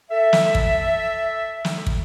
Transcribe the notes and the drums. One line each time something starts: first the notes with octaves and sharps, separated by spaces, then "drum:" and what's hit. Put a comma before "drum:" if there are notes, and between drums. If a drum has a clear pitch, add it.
A4 E5
drum: snare
drum: kick
drum: snare
drum: kick